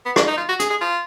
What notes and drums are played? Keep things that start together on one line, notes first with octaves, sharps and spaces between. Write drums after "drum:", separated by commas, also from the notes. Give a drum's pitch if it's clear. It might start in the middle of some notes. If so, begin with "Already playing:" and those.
B3
D4, drum: rim click
D#4
F4
F#4
G#4, drum: hi-hat
G#4
F4